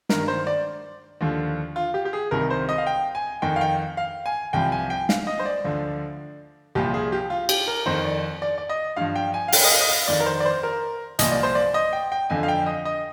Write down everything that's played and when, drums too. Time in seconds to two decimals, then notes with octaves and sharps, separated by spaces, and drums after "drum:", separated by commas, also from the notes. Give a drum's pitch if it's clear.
0.09 G2 D#3 A#4, drum: snare
0.28 C5
0.47 D5
1.21 D#2 D3 F3
1.76 F4
1.94 G4
2.05 G4
2.13 G#4
2.31 C2 C3 D#3 A#4
2.50 C5
2.69 D#5
2.78 F5
2.87 G5
3.15 G#5
3.42 F2 D#3 G5
3.56 F5
3.61 G5
3.97 F5
4.26 G#5
4.53 C2 C3 F3 G5
4.72 G#5
4.90 G5
5.09 F5, drum: snare
5.27 D#5
5.39 C5
5.46 D5
5.64 D2 D3 F3
6.75 C2 A#2 F3 G4
6.94 G#4
7.12 G4
7.30 F4
7.49 G4, drum: cymbal
7.68 A#4
7.86 F2 D#3 C5
8.05 D5
8.42 D5
8.58 D5
8.69 D#5
8.96 G2 F3 F5
9.16 G5
9.34 G#5
9.48 F5
9.52 G5, drum: open hi-hat
9.64 D#5
9.71 F5
9.81 D#5
9.90 F5
10.08 F2 D#3 D5
10.20 A#4
10.26 C5
10.40 D5
10.45 C5
10.63 A#4
11.19 C2 A#2 F3 D#5, drum: hi-hat
11.31 D5
11.43 C5
11.55 D5
11.74 D#5
11.93 G5
12.12 G5
12.30 F2 D3 F3 G#5
12.43 F5
12.48 G5
12.66 D#5
12.85 D#5